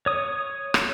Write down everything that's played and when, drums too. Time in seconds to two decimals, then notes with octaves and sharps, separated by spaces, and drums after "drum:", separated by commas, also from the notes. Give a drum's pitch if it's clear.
0.06 C#5 D#6
0.74 drum: rim click